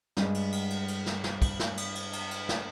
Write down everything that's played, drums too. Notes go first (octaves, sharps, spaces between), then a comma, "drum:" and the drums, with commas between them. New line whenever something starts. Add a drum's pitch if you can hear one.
G2 G#3, drum: snare
drum: cymbal
drum: cymbal
drum: cymbal
drum: cymbal
drum: snare
drum: snare
drum: kick, cymbal
drum: snare
drum: cymbal
drum: cymbal
drum: cymbal
drum: cymbal
drum: snare